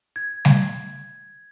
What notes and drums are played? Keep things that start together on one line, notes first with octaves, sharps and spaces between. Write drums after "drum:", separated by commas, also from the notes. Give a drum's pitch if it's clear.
G#6
drum: snare G3